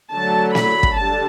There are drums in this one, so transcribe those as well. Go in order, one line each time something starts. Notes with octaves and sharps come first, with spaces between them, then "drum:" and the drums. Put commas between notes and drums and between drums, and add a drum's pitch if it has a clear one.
D3 F#3 A3 A5
B5, drum: snare
drum: kick
D3 G3 A5